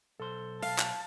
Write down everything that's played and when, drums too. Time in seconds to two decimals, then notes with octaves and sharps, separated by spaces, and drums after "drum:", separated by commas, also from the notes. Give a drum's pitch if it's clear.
0.20 B1 A4 C5
0.62 F5 A5, drum: open hi-hat
0.78 drum: clap